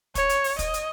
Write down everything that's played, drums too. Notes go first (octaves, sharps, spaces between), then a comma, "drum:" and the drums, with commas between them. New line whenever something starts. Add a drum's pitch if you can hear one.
C#5, drum: kick, hi-hat
drum: hi-hat
drum: open hi-hat
D#5, drum: kick, hi-hat
drum: hi-hat